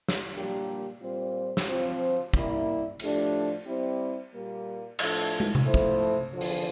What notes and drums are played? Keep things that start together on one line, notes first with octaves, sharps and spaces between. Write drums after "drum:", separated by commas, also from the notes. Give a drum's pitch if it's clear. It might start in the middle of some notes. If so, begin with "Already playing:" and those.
drum: snare
A#2 G3 A#3 D4 G4
A#2 G3 C4 F4 C5
drum: snare
F3 C4 F4 C5
G3 A#3 E4, drum: kick
A2 F3 A3 D4 G4, drum: cymbal
G3 C4 E4 G4 C5
A#2 G3 A#3
A2 F3 A3 D4 A4, drum: cymbal
drum: tom
drum: tom C3
F3 A3 E4 A4 C5
drum: kick
E2 D3 F3
drum: open hi-hat